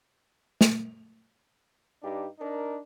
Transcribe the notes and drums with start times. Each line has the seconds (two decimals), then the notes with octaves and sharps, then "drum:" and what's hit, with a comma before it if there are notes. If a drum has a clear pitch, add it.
0.61 drum: snare
2.02 G2 D4 D#4 G4
2.39 D4 D#4 A#4